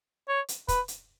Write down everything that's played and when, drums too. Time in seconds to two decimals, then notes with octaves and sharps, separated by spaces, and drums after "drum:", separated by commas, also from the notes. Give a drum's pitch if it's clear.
0.28 C#5
0.48 drum: hi-hat
0.68 B4, drum: kick, hi-hat
0.88 drum: hi-hat